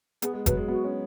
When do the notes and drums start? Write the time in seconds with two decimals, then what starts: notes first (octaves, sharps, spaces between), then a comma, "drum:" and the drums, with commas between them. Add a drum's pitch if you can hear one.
0.22 B3 G#4, drum: hi-hat
0.33 G#3
0.46 F#3 B4, drum: kick F#1, hi-hat
0.57 G#3
0.68 B3 F#4
0.84 C#4